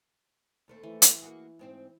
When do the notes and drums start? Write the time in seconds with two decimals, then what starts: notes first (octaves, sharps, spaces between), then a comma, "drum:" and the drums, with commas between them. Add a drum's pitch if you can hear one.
0.68 D#2 A3 C4
0.83 E3
1.02 drum: hi-hat
1.22 A#3 F#4 G#4
1.59 G#2 C4 C5